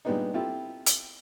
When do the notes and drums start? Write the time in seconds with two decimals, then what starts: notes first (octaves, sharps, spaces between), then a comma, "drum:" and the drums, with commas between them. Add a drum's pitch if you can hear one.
0.05 A#2 G3 G#3 B3 D4 D#4
0.34 C4 E4 F4 G4 A4
0.86 drum: hi-hat